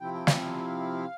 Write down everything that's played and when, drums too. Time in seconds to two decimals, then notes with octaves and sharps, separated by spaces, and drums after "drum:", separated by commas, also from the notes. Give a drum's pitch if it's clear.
0.01 C3 F3 C4 E4 G5
0.14 G5
0.27 F5, drum: snare
0.40 F5